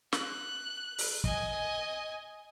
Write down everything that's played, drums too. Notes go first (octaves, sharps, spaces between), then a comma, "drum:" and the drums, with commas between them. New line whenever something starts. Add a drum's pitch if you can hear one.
F#6, drum: snare
drum: open hi-hat
D#5 G#5, drum: kick